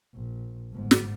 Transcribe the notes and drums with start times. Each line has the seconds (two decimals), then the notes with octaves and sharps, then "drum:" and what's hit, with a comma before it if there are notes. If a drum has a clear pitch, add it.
0.14 A#1
0.72 G1 G#2
0.91 drum: snare